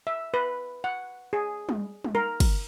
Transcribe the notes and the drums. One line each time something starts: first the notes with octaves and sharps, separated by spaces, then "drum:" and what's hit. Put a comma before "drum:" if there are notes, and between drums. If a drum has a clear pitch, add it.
E5
B4
F#5
G#4
drum: tom G3
drum: tom G3
A#4
drum: kick, cymbal